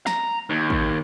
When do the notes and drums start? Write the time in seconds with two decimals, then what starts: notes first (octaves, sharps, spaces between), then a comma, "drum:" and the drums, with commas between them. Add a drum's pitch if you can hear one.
0.07 A#5, drum: snare
0.50 D#2
0.70 drum: kick A1